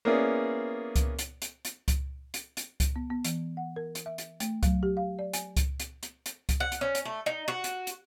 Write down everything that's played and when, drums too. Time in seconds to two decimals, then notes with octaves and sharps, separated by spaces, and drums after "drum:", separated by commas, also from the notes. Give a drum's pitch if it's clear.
0.05 A#3 B3 C#4 E4 G#4 D5
0.96 drum: kick C#2, hi-hat
1.19 drum: hi-hat
1.42 drum: hi-hat
1.65 drum: hi-hat
1.88 drum: kick C#2, hi-hat
2.34 drum: hi-hat
2.57 drum: hi-hat
2.80 drum: kick C#2, hi-hat
2.96 B3
3.10 B3
3.25 E3, drum: hi-hat
3.57 F#5
3.76 A#4
3.95 drum: hi-hat
4.06 E5
4.18 drum: hi-hat
4.40 A3, drum: hi-hat
4.63 F#3, drum: kick C#2, hi-hat
4.83 G4
4.97 F5
5.19 D5
5.34 G#5, drum: hi-hat
5.57 drum: kick C#2, hi-hat
5.80 drum: hi-hat
6.03 drum: hi-hat
6.26 drum: hi-hat
6.49 drum: kick C#2, hi-hat
6.60 F#5
6.72 drum: hi-hat
6.81 C#4
6.95 drum: hi-hat
7.05 A3
7.26 D#4
7.48 F#4
7.64 drum: hi-hat
7.87 drum: hi-hat